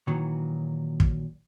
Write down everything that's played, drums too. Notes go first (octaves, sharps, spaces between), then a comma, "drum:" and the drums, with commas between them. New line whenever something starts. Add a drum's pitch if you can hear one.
A#2 D#3 E3 F#3
drum: kick